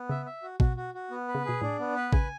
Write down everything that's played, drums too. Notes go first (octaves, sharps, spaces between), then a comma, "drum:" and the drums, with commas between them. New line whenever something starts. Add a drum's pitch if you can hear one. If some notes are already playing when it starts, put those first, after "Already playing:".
Already playing: B3
C#3 E5
E5
F#4
B2 F#4, drum: kick A1
F#4
F#4
B3
B4
C#3
B2 G#4
A2 D4
B3
B4
C#3 G#5, drum: kick A1